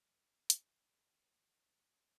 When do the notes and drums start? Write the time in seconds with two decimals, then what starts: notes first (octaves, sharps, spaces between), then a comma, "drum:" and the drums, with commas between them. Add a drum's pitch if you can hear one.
0.10 C2 A#4
0.50 drum: hi-hat
0.60 D1 F2 G#3 D4
1.07 D3 D#3 A3
1.40 D1 B1 E2 E3 F#3 A3
1.79 C#5 A#5